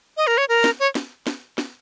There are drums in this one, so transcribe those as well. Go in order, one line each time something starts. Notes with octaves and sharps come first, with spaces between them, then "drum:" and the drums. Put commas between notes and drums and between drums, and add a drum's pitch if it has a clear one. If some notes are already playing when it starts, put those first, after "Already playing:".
D#5
A#4
C#5
A#4
drum: snare
C#5
drum: snare
drum: snare
drum: snare